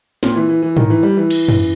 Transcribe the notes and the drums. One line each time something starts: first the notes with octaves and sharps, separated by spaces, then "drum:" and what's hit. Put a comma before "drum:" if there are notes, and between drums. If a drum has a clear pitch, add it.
A#2, drum: snare
E3
E3
E3
D#3, drum: tom G#2
E3
G3
E3
drum: cymbal
drum: tom F#2